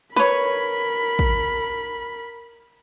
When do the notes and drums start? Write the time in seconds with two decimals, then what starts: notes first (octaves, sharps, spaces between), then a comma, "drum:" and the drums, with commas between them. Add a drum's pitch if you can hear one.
0.16 A#4 B4 C#5 B5, drum: snare
1.19 drum: kick